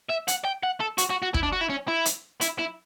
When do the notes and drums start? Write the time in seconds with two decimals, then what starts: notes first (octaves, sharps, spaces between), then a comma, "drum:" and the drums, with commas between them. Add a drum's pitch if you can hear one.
0.09 E5
0.28 F#5, drum: hi-hat
0.44 G5
0.63 F#5
0.80 A4
0.98 F#4, drum: hi-hat
1.10 F#4
1.22 F#4
1.34 E4, drum: kick
1.43 D4
1.53 F#4
1.61 E4
1.70 C#4
1.88 E4
2.05 drum: hi-hat
2.41 E4, drum: hi-hat
2.59 E4